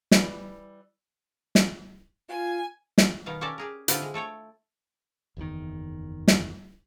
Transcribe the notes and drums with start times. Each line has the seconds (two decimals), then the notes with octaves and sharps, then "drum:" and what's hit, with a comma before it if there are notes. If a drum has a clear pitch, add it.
0.11 E3 G3, drum: snare
1.55 drum: snare
2.29 F4 G#5
2.98 drum: snare
3.26 B2 D#3 B3 F5
3.41 C#4 G4 A4 A#4 D5 A5
3.58 G4 G#4 A#4
3.88 D3 C4 E4 F4, drum: hi-hat
4.02 G#3
4.14 A3 A4 C#5 G5
5.37 F#1 E2 A2 D#3
6.28 drum: snare